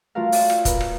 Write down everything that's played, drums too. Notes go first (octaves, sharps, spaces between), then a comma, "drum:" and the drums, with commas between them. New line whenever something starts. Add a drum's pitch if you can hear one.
A3 F4 F#4 A#4 F5
D5 E5, drum: open hi-hat
drum: rim click
A#4 B4, drum: kick, hi-hat
drum: rim click